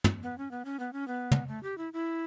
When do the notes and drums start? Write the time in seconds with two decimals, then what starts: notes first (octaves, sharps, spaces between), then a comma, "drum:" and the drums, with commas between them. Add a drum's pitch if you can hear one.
0.04 drum: tom
0.23 B3
0.38 C#4
0.51 B3
0.65 C#4
0.79 B3
0.93 C#4
1.08 B3
1.31 drum: tom
1.48 A3
1.63 G4
1.78 E4
1.93 E4